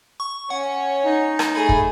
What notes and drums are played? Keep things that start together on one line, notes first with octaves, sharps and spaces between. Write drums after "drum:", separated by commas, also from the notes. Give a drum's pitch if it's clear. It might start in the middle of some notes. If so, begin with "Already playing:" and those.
C#6
C#4 C#5 F#5
D#4
drum: rim click
A3 G#4 B5
drum: kick